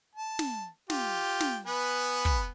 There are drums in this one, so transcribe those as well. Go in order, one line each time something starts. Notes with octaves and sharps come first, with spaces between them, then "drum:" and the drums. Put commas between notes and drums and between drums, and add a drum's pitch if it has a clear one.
A5
drum: snare
F4 G4 G5, drum: snare
drum: snare
B3 B4 G#5
drum: kick